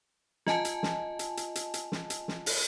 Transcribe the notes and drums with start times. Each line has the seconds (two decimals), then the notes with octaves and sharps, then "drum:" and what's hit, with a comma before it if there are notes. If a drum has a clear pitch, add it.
0.47 F4 D#5 G#5 A5, drum: snare
0.65 drum: hi-hat
0.83 drum: snare
1.19 drum: hi-hat
1.37 drum: hi-hat
1.55 drum: hi-hat
1.74 drum: hi-hat
1.92 drum: snare
2.10 drum: hi-hat
2.28 drum: snare
2.46 drum: open hi-hat